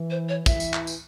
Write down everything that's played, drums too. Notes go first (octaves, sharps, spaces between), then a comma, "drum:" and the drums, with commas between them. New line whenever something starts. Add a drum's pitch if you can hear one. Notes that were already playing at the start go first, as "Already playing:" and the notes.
Already playing: E3
C5
C#5
E3 E5, drum: kick, tambourine
drum: tambourine
drum: clap
drum: tambourine